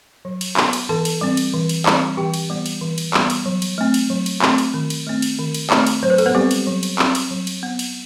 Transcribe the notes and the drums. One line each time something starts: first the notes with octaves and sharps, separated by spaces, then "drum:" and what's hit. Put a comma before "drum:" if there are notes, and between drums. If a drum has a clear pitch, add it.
F#3
drum: cymbal
B3, drum: clap
drum: cymbal
E3 A4 A5
drum: cymbal
G3 C4
drum: cymbal
E3
drum: cymbal
G3 C4, drum: clap
E3 G4 G5
drum: cymbal
G3 B3
drum: cymbal
E3
drum: cymbal
G3 B3, drum: clap
drum: cymbal
F#3
drum: cymbal
A3 C4
drum: cymbal
F#3
drum: cymbal
A3 C4, drum: clap
drum: cymbal
D#3
drum: cymbal
A3 C4
drum: cymbal
D#3
drum: cymbal
A3 C4, drum: clap
drum: cymbal
F#3 C5
B4
A4, drum: cymbal
B3 B4
G3 C4 G4
drum: cymbal
F#3
drum: cymbal
C4, drum: clap
drum: cymbal
F#3
drum: cymbal
B3
drum: cymbal